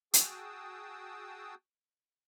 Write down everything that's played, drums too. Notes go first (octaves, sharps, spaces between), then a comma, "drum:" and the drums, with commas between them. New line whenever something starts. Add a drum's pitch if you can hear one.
F#4 G#4 G5 A5 D#6 E6, drum: hi-hat